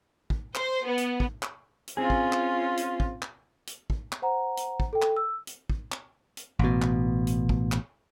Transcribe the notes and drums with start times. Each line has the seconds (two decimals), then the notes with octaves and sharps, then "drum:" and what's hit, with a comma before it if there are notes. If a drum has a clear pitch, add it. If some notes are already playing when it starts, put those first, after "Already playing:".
0.30 drum: kick
0.55 C5, drum: clap
0.86 B3
0.98 drum: hi-hat
1.20 drum: kick
1.43 drum: clap
1.87 drum: hi-hat
1.97 C4 C#4 F4 G#4
2.10 drum: kick
2.32 drum: clap
2.77 drum: hi-hat
3.00 drum: kick
3.22 drum: clap
3.67 drum: hi-hat
3.90 drum: kick
4.12 drum: clap
4.22 C5 F#5 A#5
4.57 drum: hi-hat
4.80 drum: kick
4.93 A4 G5
5.02 drum: clap
5.17 E6
5.47 drum: hi-hat
5.70 drum: kick
5.92 drum: clap
6.37 drum: hi-hat
6.59 A1 B2, drum: kick
6.82 drum: clap
7.27 drum: hi-hat
7.49 drum: kick
7.72 drum: clap